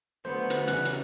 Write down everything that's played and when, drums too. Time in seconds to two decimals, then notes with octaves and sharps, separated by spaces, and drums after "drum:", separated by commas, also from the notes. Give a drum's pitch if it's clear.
0.25 D3 F#3 A3 B3 C5
0.50 drum: hi-hat
0.68 C#3 E3 G3 C#4 F#6, drum: hi-hat
0.85 drum: hi-hat